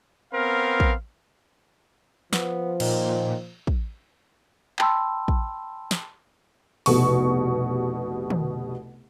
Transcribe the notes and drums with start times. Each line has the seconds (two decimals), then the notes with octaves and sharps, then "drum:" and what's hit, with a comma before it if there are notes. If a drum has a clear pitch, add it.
0.34 B3 C4 A#4 F5
0.80 drum: kick
2.33 F3 B3, drum: snare
2.80 A#2 D#3, drum: cymbal
3.67 drum: kick
4.79 G5 A5 B5 C6 E6, drum: clap
5.28 drum: kick
5.91 drum: snare
6.86 F1 C2 B2 C#6, drum: open hi-hat
8.30 drum: tom